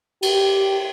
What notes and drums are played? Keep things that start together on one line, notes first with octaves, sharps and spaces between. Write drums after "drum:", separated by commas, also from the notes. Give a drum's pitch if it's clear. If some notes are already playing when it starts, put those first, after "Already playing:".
G4, drum: cymbal